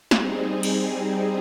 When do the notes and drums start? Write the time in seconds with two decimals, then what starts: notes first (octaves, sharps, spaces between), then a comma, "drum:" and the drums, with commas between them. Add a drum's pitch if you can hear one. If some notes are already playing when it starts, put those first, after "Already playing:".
0.11 G3 C4 D#4 G#4, drum: snare
0.63 drum: cymbal